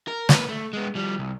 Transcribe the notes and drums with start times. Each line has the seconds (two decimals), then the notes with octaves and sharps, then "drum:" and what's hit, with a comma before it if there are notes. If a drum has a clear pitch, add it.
0.08 A#4
0.29 A#3 B4, drum: snare
0.49 A3
0.73 G#3 B3
0.95 F3 G3
1.19 C2